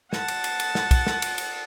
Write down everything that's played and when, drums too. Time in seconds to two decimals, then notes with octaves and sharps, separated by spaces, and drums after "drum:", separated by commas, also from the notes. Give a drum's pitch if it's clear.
0.13 F#5 A5, drum: snare
0.28 drum: cymbal
0.44 drum: cymbal
0.60 drum: cymbal
0.75 drum: snare
0.91 drum: kick, cymbal
1.07 drum: snare
1.22 drum: cymbal
1.38 drum: cymbal